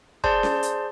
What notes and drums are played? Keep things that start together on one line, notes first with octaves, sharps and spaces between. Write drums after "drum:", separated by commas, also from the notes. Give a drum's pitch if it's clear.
G#4 C5 D5 A5 C6 G6, drum: kick
drum: snare C#4
drum: hi-hat